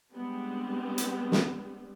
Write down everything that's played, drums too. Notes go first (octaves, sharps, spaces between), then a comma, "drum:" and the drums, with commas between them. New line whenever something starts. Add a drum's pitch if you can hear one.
G3 G#3 B3 C4 D4 G4
drum: hi-hat
drum: snare